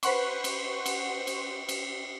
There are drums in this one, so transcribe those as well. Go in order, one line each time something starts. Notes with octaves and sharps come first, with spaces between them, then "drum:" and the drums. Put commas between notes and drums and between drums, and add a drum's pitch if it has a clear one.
B4 C5 F#5 C6 C#6, drum: cymbal
drum: cymbal
drum: cymbal
drum: cymbal
drum: cymbal